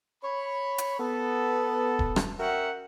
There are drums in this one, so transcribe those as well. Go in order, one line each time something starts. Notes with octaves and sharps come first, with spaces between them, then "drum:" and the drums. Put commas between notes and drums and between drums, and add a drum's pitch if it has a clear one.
C#5 B5
drum: hi-hat
B3 A4
drum: kick D#1
drum: rim click
C#4 F#4 A#4 E5 F#5 G5